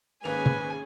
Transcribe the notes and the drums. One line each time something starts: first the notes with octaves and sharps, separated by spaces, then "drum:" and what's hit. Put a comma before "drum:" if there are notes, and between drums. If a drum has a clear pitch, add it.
G#1 G#3 A#3 C#4 G#4 B4 G#5 F7
drum: tom